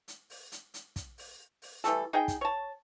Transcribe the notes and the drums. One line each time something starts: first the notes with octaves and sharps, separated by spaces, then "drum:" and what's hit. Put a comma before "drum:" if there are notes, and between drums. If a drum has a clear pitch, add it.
drum: hi-hat
drum: open hi-hat
drum: hi-hat
drum: hi-hat
drum: kick, hi-hat
drum: open hi-hat
drum: open hi-hat
E3 G3 A3 A4, drum: hi-hat
D#4 G#4 D#5 G5
drum: kick, hi-hat
C#5 A5